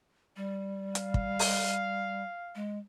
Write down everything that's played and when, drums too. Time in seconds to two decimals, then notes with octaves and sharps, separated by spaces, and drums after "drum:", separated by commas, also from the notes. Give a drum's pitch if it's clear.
0.36 G3
0.95 F5, drum: hi-hat
1.14 drum: kick
1.39 drum: open hi-hat
2.55 G#3